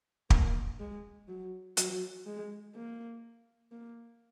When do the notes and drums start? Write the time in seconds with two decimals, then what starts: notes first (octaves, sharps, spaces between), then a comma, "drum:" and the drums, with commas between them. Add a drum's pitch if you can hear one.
0.30 A#3, drum: kick
0.80 G#3
1.28 F#3
1.77 F#3, drum: hi-hat
2.26 G#3
2.75 A#3
3.72 A#3